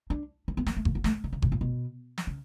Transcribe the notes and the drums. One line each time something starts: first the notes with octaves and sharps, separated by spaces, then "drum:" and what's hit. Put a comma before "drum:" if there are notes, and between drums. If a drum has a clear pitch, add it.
D4
C#4
B3
A#3, drum: snare
A3
A#3, drum: kick G1
B3
A3, drum: snare
D3
C#3
C3, drum: kick G1
A#2
B2
drum: snare
C#3